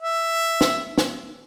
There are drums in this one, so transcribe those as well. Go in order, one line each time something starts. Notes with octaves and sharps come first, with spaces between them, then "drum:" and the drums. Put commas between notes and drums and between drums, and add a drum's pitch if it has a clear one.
E5
drum: snare
drum: snare